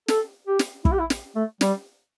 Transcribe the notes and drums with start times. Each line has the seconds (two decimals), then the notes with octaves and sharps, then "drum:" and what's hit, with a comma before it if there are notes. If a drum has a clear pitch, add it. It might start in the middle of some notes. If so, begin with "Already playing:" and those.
0.08 A4, drum: snare
0.47 G4
0.59 drum: snare
0.85 E4, drum: kick
0.92 G4
0.99 E4
1.10 drum: snare
1.36 A3
1.61 G3, drum: snare